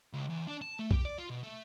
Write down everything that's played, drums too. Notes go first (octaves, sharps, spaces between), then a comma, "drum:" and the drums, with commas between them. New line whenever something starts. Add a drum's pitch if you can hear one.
C#2
E2
D4
A5
A3
G4, drum: kick B1
D5
F4
B2
A3